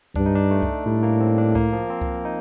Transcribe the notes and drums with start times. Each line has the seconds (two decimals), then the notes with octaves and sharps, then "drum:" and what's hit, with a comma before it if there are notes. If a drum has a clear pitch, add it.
0.16 G2 D4, drum: kick C2
0.26 D#4
0.35 D4
0.51 A3
0.62 drum: kick C2
0.86 A2 G3
1.03 A#3
1.20 C4
1.38 D4
1.55 A#3, drum: kick C2
1.73 F3
1.90 C4
2.01 drum: kick C2
2.25 D#4